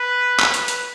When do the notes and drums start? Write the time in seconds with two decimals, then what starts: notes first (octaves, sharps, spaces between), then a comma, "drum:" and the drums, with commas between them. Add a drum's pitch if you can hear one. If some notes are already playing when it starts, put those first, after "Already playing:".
Already playing: B4
0.40 drum: clap
0.54 drum: hi-hat
0.68 drum: hi-hat